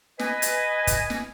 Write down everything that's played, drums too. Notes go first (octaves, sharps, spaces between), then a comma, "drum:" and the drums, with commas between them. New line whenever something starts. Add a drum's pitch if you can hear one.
B4 D#5 G#5, drum: snare
drum: hi-hat
drum: kick, hi-hat
drum: snare